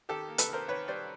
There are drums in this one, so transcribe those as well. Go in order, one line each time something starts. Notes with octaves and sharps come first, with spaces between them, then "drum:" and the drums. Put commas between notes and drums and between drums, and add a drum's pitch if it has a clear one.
D#3 G4 A4
A#3
A4 B4, drum: hi-hat
D#3 A#4 C5
D#3 B4 C#5
G3 C5 D5